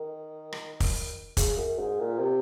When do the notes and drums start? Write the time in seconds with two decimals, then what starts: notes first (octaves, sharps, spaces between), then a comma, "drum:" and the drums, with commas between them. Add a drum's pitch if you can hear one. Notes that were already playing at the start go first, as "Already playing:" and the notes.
Already playing: D#3
0.53 drum: rim click
0.80 drum: kick, open hi-hat
1.37 C#3, drum: kick, hi-hat
1.57 F#2
1.79 G#2
2.00 A#2
2.19 C3